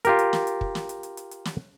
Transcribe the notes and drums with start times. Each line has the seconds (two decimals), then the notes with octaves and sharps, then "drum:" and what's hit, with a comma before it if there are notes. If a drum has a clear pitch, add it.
0.05 F4 G4 A#4, drum: hi-hat
0.19 drum: hi-hat
0.33 drum: snare
0.47 drum: hi-hat
0.61 drum: kick
0.75 drum: snare
0.89 drum: hi-hat
1.03 drum: hi-hat
1.17 drum: hi-hat
1.31 drum: hi-hat
1.45 drum: snare